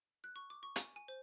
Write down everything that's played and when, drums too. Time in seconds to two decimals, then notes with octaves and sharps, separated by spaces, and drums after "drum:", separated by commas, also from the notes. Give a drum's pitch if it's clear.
0.24 F#6
0.36 C#6
0.50 D6
0.63 C#6
0.76 G#5, drum: hi-hat
0.96 G#5
1.08 C5